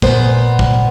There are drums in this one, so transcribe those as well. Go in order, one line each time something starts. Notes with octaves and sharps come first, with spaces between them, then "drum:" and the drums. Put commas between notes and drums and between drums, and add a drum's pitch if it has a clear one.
A#2 B3 C5, drum: kick
drum: kick